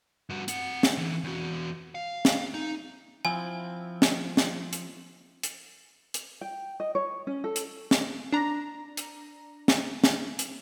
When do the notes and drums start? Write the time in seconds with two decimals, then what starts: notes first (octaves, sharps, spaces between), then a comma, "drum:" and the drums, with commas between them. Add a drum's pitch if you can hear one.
0.29 G2 F#4
0.48 C4 F#5, drum: hi-hat
0.83 drum: snare
0.97 D3 E3
1.24 E2 F#4
1.95 F5
2.25 drum: snare
2.54 D#4
3.25 F3 C4 E4 G#5
4.02 drum: snare
4.37 drum: snare
4.73 drum: hi-hat
5.43 drum: hi-hat
6.14 drum: hi-hat
6.41 G5
6.80 D#5
6.95 C#5
7.27 C#4
7.44 A4
7.56 drum: hi-hat
7.91 drum: snare
8.33 D4 A#5
8.97 drum: hi-hat
9.68 drum: snare
10.04 drum: snare
10.39 drum: hi-hat